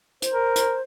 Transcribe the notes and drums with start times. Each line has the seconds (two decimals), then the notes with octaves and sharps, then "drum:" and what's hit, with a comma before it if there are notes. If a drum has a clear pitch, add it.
0.22 C5, drum: hi-hat
0.34 A#4
0.56 drum: hi-hat